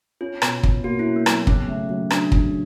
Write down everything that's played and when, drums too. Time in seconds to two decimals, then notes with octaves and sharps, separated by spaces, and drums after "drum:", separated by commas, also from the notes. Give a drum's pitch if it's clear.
0.21 C#4 F4
0.42 B2, drum: rim click
0.63 C#4, drum: kick
0.84 A#3 F#4
0.99 E4
1.06 C#4
1.16 A#3
1.26 F#3, drum: rim click
1.32 B3
1.47 C#3 C#4, drum: kick
1.68 A3
1.89 F#3
2.10 F#3 D4, drum: rim click
2.32 C#3, drum: kick